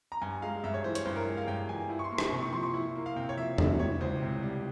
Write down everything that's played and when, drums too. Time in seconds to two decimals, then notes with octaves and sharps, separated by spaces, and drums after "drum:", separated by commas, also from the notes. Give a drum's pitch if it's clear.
0.12 A#5
0.22 G2 G#5
0.42 G#3 F5
0.64 G2 E5
0.74 C#5
0.84 E3 C5
0.95 C#5, drum: hi-hat
1.05 G2 C5
1.16 A#4
1.27 G#3
1.37 F5
1.48 G2 G5
1.69 E3 G#5
1.90 E4
1.99 C#6
2.04 C6
2.11 A#3
2.18 C#6, drum: rim click
2.32 C3
2.42 C#6
2.53 F3 C6
2.63 C#6
2.74 E4
2.95 A#3
3.06 F5
3.16 C3 G5
3.29 C#5
3.37 F3 E5
3.58 G3 E5, drum: tom E2
3.79 E3 C#5
4.00 C#2 C5
4.22 C3
4.43 G3